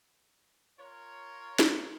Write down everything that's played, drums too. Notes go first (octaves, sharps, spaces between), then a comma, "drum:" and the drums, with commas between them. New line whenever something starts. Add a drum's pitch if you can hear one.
F4 A#4 C#5
drum: snare